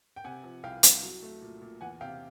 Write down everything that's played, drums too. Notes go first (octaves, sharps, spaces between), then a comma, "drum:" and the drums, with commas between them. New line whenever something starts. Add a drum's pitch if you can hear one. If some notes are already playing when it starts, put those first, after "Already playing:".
G5
C3 F#5 G#5
F3
C2 F5 G5
C2, drum: hi-hat
F#3
A3
A#2
A#2
E2 F#5 G#5
C3 F5 G5